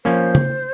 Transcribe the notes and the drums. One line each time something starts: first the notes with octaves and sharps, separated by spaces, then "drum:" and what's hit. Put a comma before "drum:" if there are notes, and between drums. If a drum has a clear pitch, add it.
F3 A#3 C#4 C5
drum: tom C#3